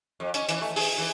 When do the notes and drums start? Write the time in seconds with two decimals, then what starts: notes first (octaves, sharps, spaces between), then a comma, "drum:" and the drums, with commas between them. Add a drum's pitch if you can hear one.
0.20 F2
0.34 C#4, drum: hi-hat
0.49 E3, drum: hi-hat
0.61 A3
0.76 G#4, drum: open hi-hat
0.98 E3